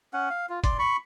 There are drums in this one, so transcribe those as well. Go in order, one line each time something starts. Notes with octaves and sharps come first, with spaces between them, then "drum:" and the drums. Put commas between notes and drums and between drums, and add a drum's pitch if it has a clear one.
C#4 F#5
F5
F4
D5 C6, drum: kick, hi-hat
B5 C#6